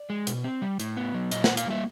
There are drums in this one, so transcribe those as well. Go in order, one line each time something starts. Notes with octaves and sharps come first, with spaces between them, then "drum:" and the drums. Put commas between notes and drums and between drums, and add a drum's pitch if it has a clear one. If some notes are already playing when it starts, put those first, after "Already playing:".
Already playing: D5
G#3
B2, drum: hi-hat
C4
G3
A2, drum: hi-hat
B3
F#3
A#2 D#5, drum: hi-hat
F#5, drum: snare
A#3
F5, drum: hi-hat
G3 E5